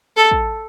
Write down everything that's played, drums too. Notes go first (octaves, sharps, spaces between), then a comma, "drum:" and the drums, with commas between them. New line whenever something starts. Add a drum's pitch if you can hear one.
A4
drum: kick